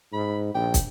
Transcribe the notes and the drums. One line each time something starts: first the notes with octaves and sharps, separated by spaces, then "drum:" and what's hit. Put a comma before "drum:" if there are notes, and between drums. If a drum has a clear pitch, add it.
G#2 B5
A#1 G5
drum: kick, hi-hat